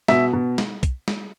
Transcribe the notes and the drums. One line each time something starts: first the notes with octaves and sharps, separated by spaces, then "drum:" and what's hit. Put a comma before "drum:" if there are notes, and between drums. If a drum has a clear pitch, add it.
B2 E5, drum: snare
B2
drum: snare
drum: kick, hi-hat
drum: snare